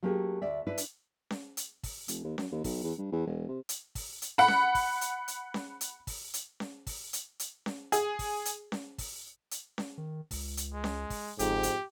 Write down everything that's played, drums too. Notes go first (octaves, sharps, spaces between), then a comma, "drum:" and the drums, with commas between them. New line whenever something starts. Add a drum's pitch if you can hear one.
F#3 A3 A#3 C#4 G4 G#4
D2 D5 E5
D4 E4 B4
drum: hi-hat
drum: snare C#4
drum: hi-hat
drum: kick, open hi-hat
F1, drum: hi-hat
D#2
F#2, drum: snare C#4
D#2
B1, drum: kick, open hi-hat
E2
G2
E2
E1
C3
drum: hi-hat
drum: kick, open hi-hat
drum: hi-hat
F#5 B5
drum: snare C#4
drum: kick, open hi-hat
drum: hi-hat
drum: hi-hat
drum: snare C#4
drum: hi-hat
drum: kick, open hi-hat
drum: hi-hat
drum: snare C#4
drum: kick, open hi-hat
drum: hi-hat
drum: hi-hat
drum: snare C#4
G#4, drum: hi-hat
drum: kick, open hi-hat
drum: hi-hat
drum: snare C#4
drum: kick, open hi-hat
drum: hi-hat
drum: snare C#4
D#3
C#2, drum: kick, open hi-hat
drum: hi-hat
G#3
drum: snare C#4
drum: kick, open hi-hat
G1 F2 G#2 G4, drum: hi-hat
drum: hi-hat